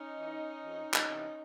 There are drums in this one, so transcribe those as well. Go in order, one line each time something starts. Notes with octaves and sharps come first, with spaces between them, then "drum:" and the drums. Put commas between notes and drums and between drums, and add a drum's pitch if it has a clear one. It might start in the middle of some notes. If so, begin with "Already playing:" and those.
Already playing: C#4 D#4
E3
F2
drum: clap
C3 E3